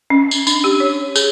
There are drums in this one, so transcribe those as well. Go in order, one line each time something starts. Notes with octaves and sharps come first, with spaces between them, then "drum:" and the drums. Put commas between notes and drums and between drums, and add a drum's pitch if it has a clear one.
C#4
drum: tambourine
D4, drum: tambourine
G4
C#5
G#4, drum: tambourine